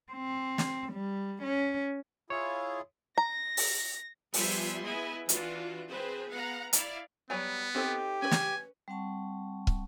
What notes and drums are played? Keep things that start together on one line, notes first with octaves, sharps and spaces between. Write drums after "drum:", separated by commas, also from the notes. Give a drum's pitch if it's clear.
C4
drum: snare
G3
C#4
E4 F4 G#4 C#5
A#5 A#6
drum: open hi-hat
F3 G3 B3 E5 G#5 C6, drum: open hi-hat
B3 E4 G#4 D#5 G#5
E3 D4 F4 F#4, drum: hi-hat
C4 G#4 B4 C5
B3 F5 F#5 A#5
E4 D5 F5, drum: hi-hat
F#3 G3 B3 C#5 G#5
C4 D#4 G4 A4
C#4 B4 G#5
drum: snare
G3 C4 F#5 A5 C#6
drum: kick